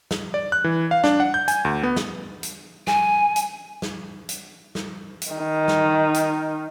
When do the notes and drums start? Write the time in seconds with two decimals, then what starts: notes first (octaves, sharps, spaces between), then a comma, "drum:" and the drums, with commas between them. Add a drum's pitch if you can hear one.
0.11 drum: snare
0.34 D5
0.52 F#6
0.64 E3
0.91 F5
1.04 D4, drum: snare
1.20 F#5
1.34 G6
1.48 G#5, drum: hi-hat
1.65 D2
1.83 B3
1.96 drum: snare
2.43 drum: hi-hat
2.87 G#5, drum: snare
3.36 drum: hi-hat
3.82 drum: snare
4.29 drum: hi-hat
4.75 drum: snare
5.22 drum: hi-hat
5.33 D#3
5.68 drum: snare
6.14 drum: hi-hat